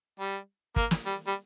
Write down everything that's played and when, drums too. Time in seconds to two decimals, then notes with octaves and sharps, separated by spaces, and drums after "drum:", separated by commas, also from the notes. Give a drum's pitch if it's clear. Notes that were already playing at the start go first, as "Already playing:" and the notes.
0.20 G3
0.76 A#3, drum: kick
0.91 drum: snare
1.06 G3
1.27 G3